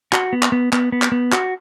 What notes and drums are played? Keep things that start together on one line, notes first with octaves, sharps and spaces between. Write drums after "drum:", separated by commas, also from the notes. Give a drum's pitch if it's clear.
F#4, drum: clap
B3
drum: clap
B3
B3, drum: clap
B3
drum: clap
B3
F#4, drum: clap